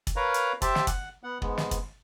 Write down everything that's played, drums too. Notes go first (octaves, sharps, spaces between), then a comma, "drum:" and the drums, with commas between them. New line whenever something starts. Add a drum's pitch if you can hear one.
drum: kick, hi-hat
A#4 B4 C#5 F5 A#5
drum: hi-hat
G4 C5 E5 G5 A5, drum: kick, hi-hat
drum: snare
F#5, drum: kick, hi-hat
B3 F#5
G#2 G#3 B3, drum: kick
drum: snare
drum: kick, hi-hat